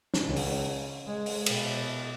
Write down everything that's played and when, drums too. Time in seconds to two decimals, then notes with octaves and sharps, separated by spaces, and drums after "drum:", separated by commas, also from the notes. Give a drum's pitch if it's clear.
0.14 drum: snare
0.24 C#2
0.36 drum: open hi-hat
1.06 G#3
1.26 drum: open hi-hat
1.46 B2, drum: cymbal